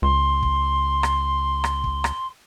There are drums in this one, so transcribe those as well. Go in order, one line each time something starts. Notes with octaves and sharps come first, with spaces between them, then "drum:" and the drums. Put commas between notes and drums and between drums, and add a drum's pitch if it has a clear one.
C#2 C6
drum: kick
drum: rim click
drum: rim click
drum: kick
drum: rim click